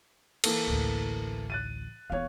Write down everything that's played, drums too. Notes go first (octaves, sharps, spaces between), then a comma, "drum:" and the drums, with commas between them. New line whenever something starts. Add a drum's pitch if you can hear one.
E3 A#3 A4, drum: cymbal
A1 D2
F#6 A6 D#7
E1 E2 C#5 F5